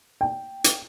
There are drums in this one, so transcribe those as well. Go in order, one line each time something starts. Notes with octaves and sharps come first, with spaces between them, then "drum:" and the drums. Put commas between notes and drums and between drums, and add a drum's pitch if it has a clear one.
G5
drum: hi-hat